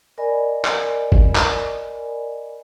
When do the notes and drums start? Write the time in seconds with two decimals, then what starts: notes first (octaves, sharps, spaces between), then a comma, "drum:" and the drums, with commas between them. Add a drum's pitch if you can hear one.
0.18 A#4 D5 D#5 G#5 B5
0.65 drum: clap
1.12 drum: kick
1.35 drum: clap